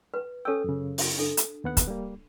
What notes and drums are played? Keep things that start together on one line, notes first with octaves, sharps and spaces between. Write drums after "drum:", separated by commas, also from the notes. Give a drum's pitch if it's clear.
B4
C#4 A4 G5 E6
F#2 C#3
drum: open hi-hat
D4 A4
drum: hi-hat
D#2 B3 F#5
drum: kick, hi-hat
G3 A#3